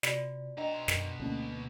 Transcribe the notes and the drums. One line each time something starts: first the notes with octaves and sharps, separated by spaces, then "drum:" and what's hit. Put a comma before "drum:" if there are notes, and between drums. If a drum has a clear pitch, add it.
C3 F4 F#4 D5, drum: snare
B2 D4 D#5 G5 A#5
C6
F#2, drum: snare
D2 A3 A#3 C#4 A5